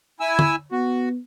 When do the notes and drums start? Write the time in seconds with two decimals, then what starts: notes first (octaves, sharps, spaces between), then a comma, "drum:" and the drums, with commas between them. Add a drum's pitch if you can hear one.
0.20 E4 G#5 E6
0.39 drum: tom
0.72 B3 F#4